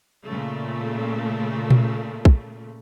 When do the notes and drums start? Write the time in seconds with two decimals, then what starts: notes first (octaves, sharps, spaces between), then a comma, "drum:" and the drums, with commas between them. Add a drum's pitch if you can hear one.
0.23 A#2 C#3 A3
1.70 drum: tom A#2
2.25 drum: kick